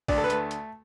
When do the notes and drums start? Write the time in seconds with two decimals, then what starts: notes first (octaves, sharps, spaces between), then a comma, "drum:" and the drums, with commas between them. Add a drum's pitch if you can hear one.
0.08 D2 D5, drum: kick, open hi-hat
0.18 A4
0.24 B4
0.30 A3, drum: hi-hat
0.51 drum: hi-hat